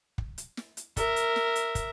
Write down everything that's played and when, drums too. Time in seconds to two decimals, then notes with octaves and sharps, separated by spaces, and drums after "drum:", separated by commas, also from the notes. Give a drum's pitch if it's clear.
0.18 drum: kick
0.38 drum: hi-hat
0.57 drum: snare
0.77 drum: hi-hat
0.97 A#4 E5, drum: kick, hi-hat
1.16 drum: hi-hat
1.36 drum: snare
1.55 drum: hi-hat
1.75 drum: kick, hi-hat